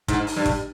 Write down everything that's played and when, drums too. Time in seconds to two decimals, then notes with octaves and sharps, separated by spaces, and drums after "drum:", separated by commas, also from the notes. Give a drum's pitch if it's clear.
0.08 G#2, drum: kick, hi-hat
0.27 drum: open hi-hat
0.36 G2
0.46 drum: kick, hi-hat